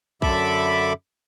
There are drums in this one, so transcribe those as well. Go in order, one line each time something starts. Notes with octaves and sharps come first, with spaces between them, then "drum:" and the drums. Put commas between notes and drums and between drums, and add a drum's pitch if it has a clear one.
F#2 D3 A4 E5 B5 D6, drum: kick A#1